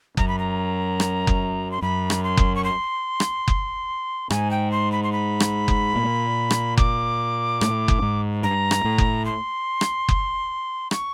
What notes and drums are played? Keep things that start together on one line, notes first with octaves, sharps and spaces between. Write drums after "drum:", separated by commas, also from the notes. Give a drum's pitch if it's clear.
F#2 A#5, drum: kick F#1
B5
A#5
drum: rim click
drum: kick F#1
C6
F#2 B5
drum: rim click
C6
drum: kick F#1
C#6
C6
drum: rim click
drum: kick F#1
G#2 G#5, drum: rim click
G5
C6
B5
C6
B5
drum: rim click
drum: kick F#1
A#2
drum: rim click
D6, drum: kick F#1
A2, drum: rim click
drum: kick F#1
G#2
G2 A#5
drum: rim click
A2
drum: kick F#1
C6
drum: rim click
drum: kick F#1
C#6, drum: rim click